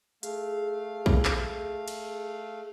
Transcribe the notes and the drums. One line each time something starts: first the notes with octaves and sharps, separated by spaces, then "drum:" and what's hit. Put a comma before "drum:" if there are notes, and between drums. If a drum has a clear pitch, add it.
A3 G#4 F5, drum: hi-hat
drum: kick
drum: clap
drum: cymbal